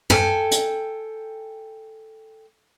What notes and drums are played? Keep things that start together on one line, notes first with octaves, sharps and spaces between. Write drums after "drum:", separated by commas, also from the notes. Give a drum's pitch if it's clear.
A4 G5 G#5, drum: tom
drum: hi-hat